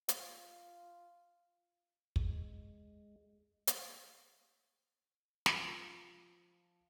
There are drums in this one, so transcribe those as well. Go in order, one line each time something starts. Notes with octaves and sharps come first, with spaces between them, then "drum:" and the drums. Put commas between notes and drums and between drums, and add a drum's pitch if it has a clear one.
F4, drum: hi-hat
G#3, drum: kick
drum: hi-hat
F3, drum: snare